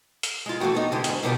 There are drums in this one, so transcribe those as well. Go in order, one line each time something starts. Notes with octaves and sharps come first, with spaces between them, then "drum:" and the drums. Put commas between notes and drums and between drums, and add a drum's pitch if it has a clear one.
drum: hi-hat
G#3 F4
E3 A3 A#3 F#4 G5
B3 D#4
D3 G#3 G4
G#2 D#3, drum: hi-hat
B2 D#3 G3 B3 F4 G5